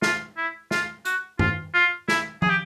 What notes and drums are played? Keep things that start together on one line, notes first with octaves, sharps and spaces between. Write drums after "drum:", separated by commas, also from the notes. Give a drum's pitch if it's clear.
F4, drum: snare
E4
F4, drum: snare
F#4, drum: hi-hat
F4, drum: tom G2
F4
E4, drum: snare
G#4, drum: tom
G4